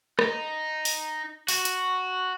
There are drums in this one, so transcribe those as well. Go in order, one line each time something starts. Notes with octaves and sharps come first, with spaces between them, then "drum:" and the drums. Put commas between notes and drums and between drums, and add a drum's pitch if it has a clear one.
D#4, drum: rim click
drum: open hi-hat
F#4, drum: open hi-hat
drum: hi-hat